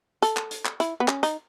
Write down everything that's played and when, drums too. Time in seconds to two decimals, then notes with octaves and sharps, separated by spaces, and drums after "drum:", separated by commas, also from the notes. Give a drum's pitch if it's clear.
0.22 A4, drum: hi-hat
0.37 drum: clap
0.51 drum: hi-hat
0.65 drum: clap
0.80 E4, drum: hi-hat
1.00 B3
1.08 C#4, drum: clap
1.23 D#4, drum: hi-hat